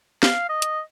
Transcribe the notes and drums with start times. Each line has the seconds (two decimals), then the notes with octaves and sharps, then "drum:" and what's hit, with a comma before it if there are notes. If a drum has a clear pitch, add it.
0.23 F5, drum: snare
0.49 D#5
0.62 drum: hi-hat